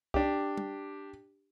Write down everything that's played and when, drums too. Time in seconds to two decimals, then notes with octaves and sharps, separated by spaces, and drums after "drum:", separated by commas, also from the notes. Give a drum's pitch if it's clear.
0.14 D4 G4, drum: kick C2
0.57 drum: tom